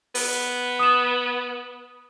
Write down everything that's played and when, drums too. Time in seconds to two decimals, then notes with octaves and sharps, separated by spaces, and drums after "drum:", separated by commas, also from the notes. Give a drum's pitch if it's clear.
0.15 B3, drum: open hi-hat
0.79 D#6 E7